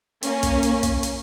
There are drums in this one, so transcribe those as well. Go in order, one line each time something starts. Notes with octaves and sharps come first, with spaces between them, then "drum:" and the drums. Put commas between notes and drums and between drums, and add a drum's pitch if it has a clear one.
A#3 C#4, drum: hi-hat
drum: kick, hi-hat
drum: hi-hat
drum: kick, hi-hat
drum: hi-hat